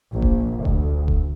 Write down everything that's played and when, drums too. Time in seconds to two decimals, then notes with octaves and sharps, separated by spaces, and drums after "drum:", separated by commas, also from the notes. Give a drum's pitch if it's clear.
0.12 A#1
0.22 drum: kick D#1
0.65 D2, drum: kick D#1
1.08 drum: kick D#1